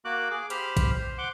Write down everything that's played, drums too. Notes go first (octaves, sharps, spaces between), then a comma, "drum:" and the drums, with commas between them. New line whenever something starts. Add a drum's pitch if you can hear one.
A#3 F#4 D6 F#6
G#4 D6
G4 C5 B5 F6, drum: hi-hat
drum: kick, hi-hat
C5
F#5 C6 D6